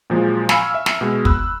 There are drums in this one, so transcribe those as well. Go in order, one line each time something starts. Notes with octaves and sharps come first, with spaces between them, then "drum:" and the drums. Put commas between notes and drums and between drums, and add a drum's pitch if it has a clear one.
A#2 F3 F#3 G#3
F5 G#5 B5 C#6 E6 F6, drum: snare
E5
drum: snare
B2 G#3
B5 E6 F#6, drum: kick